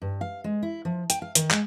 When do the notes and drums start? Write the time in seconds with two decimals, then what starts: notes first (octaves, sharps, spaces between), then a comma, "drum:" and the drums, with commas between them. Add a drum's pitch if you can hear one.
0.02 G2
0.21 F5
0.44 G#3
0.63 E4
0.85 F3
1.10 G5, drum: hi-hat
1.22 F5
1.35 D#3, drum: hi-hat
1.51 G#3, drum: clap